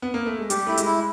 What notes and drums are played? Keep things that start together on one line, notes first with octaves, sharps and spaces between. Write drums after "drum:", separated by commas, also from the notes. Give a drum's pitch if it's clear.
B3
A#3
A3
G#3
G3 G4, drum: hi-hat
A3 E4
G#3, drum: hi-hat
E4